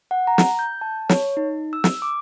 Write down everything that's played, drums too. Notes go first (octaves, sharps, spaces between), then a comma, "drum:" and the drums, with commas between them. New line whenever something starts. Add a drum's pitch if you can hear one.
F#5
A#5
drum: snare
G6
A5
C#5, drum: snare
D#4
E6
drum: snare
D6